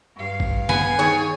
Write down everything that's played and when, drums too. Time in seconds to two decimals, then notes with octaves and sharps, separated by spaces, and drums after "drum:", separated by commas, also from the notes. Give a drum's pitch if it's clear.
0.16 G2 F5
0.40 drum: kick G#1
0.69 B3 G#5, drum: snare
0.99 D#3 G#4 C#5